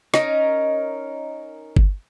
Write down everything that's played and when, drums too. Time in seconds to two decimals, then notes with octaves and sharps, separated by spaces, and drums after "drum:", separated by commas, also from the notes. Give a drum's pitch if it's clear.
0.14 C#4 D#4 A#4, drum: snare
1.77 drum: kick G1